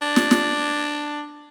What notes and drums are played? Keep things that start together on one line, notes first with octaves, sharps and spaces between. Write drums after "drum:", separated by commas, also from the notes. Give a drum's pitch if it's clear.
D4
drum: snare
drum: snare